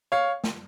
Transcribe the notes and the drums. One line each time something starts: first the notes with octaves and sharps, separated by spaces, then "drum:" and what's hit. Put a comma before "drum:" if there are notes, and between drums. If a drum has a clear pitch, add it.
C#5 F5
drum: snare